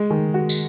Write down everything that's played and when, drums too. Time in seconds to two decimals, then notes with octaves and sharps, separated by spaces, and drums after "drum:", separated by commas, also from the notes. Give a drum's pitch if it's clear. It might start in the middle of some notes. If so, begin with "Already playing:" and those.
Already playing: G#3
0.10 D#3
0.34 F#4
0.49 drum: tambourine